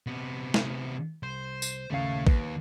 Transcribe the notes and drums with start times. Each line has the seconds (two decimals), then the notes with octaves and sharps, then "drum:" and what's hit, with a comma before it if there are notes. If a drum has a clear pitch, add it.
0.07 C3 B3
0.54 drum: snare
1.23 C2 C5
1.62 drum: tambourine
1.90 D#2 C#3 A3 C#5 F5
2.27 D#2 B4, drum: kick A1